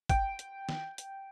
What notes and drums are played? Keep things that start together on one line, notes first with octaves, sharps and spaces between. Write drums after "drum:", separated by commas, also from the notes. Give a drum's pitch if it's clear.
G5, drum: kick, hi-hat
drum: hi-hat
drum: snare
drum: hi-hat